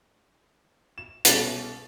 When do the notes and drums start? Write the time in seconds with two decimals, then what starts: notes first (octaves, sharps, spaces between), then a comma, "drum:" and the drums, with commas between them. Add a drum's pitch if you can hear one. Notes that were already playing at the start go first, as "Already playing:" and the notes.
0.98 E7
1.25 C2 B2 C#4 A6 F#7, drum: hi-hat